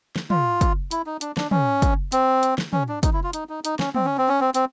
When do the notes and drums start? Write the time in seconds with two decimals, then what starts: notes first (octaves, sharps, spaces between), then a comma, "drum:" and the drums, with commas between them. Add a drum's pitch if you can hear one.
0.16 drum: snare
0.30 F4, drum: tom
0.61 drum: kick, hi-hat
0.91 E4, drum: hi-hat
1.06 D#4
1.21 D4, drum: hi-hat
1.37 D4, drum: snare
1.51 C#4, drum: tom
1.82 drum: kick, hi-hat
2.12 C4, drum: hi-hat
2.43 drum: hi-hat
2.58 drum: snare
2.73 C#4, drum: tom
2.89 D4
3.03 D#4, drum: kick, hi-hat
3.13 E4
3.23 F4
3.33 D#4, drum: hi-hat
3.49 D#4
3.65 D#4, drum: hi-hat
3.79 C#4, drum: snare
3.95 C4, drum: tom
4.05 C#4
4.18 C4
4.28 C#4
4.40 C4
4.54 C4, drum: hi-hat